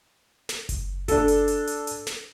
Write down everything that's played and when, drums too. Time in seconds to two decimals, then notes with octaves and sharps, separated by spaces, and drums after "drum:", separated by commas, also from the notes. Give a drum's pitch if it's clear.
0.49 drum: snare
0.69 drum: kick F#1, hi-hat
1.08 D4 A4, drum: kick F#1, hi-hat
1.28 drum: hi-hat
1.48 drum: hi-hat
1.67 drum: hi-hat
1.87 drum: hi-hat
2.07 drum: snare